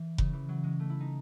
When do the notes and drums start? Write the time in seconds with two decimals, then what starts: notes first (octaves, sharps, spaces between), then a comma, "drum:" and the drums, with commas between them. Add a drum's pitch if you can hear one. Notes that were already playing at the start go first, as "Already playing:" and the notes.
Already playing: E3
0.18 C#3, drum: kick F1
0.33 E3
0.49 F#3
0.64 G#3
0.80 A3
0.90 E4
1.00 D#4